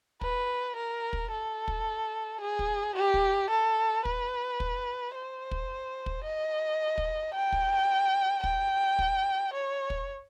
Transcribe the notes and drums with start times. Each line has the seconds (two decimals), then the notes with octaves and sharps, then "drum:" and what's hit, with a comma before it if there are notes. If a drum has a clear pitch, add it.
0.21 B4, drum: kick
0.77 A#4
1.13 drum: kick
1.31 A4
1.68 drum: kick
2.41 G#4
2.59 drum: kick
2.96 G4
3.14 drum: kick
3.51 A4
4.05 B4, drum: kick
4.60 drum: kick
5.15 C5
5.51 drum: kick
6.06 drum: kick
6.25 D#5
6.98 drum: kick
7.34 G5
7.52 drum: kick
8.44 G5, drum: kick
8.99 drum: kick
9.54 C#5
9.90 drum: kick